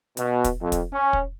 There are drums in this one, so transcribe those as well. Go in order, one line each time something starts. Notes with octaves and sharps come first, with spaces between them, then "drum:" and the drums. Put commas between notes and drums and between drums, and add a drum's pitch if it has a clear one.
B2, drum: hi-hat
drum: kick, hi-hat
F2
drum: kick, hi-hat
C#4
drum: kick